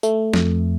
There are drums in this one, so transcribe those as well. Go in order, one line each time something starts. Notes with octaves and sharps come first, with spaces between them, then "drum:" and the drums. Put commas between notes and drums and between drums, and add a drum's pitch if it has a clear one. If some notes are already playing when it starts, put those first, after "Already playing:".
A3, drum: tambourine
F2, drum: snare